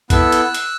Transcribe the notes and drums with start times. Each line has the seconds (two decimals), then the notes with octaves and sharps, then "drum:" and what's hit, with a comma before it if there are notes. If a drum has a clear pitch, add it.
0.10 B3 E4 A4 E6 F#6, drum: kick A#1, hi-hat
0.32 drum: hi-hat
0.54 drum: hi-hat